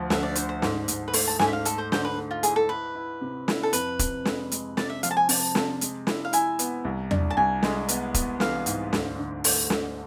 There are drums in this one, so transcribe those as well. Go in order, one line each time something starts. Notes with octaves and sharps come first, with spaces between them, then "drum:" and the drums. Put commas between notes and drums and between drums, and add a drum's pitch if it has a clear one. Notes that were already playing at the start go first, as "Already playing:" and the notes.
Already playing: D2 F3
D2 E5, drum: snare
D5
D3 C5, drum: hi-hat
C5
G#2, drum: snare
G#2, drum: hi-hat
B4
A3 C5, drum: open hi-hat
A5
G#2 G#5, drum: snare
E5
F5
A3 A4, drum: hi-hat
C5
D3 C5, drum: snare
B4
A3
F4
E4 G#4, drum: hi-hat
A4
E4 B4
E4
C3
E4, drum: snare
A4
F2 B4, drum: hi-hat
C3, drum: kick, hi-hat
G#3, drum: snare
G#3, drum: hi-hat
C3 D5, drum: snare
E5
F3 F5, drum: hi-hat
A5
G#5
C3 A5, drum: open hi-hat
C3, drum: snare
G#3, drum: hi-hat
E4, drum: snare
F5
E4 G#5, drum: hi-hat
B3, drum: hi-hat
C2
D4, drum: tom E2
A5
C2 G#5
G#3, drum: snare
B3, drum: hi-hat
B3, drum: kick, hi-hat
E3 F5, drum: snare
G#2, drum: hi-hat
D2, drum: snare
D3
A3 C5, drum: open hi-hat
D2, drum: snare